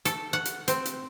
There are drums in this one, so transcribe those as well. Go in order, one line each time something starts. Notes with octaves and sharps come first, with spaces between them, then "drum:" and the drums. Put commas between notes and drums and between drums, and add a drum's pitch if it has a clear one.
A4, drum: hi-hat
F#5
drum: hi-hat
C4, drum: hi-hat
drum: hi-hat